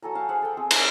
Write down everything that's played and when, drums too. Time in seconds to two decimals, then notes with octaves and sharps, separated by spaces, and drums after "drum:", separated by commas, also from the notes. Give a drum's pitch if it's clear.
0.02 F#3 A4 G#5 A#5
0.15 F5 G5 A5
0.29 G#4 C5 E5 F#5
0.42 A4 G5
0.57 C4 G#4
0.71 D#4 B4, drum: cymbal